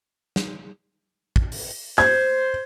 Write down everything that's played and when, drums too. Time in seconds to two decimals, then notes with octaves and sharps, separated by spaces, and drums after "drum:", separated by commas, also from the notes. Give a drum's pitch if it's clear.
0.36 drum: snare
1.36 drum: kick
1.52 drum: open hi-hat
1.98 C5 G#6, drum: clap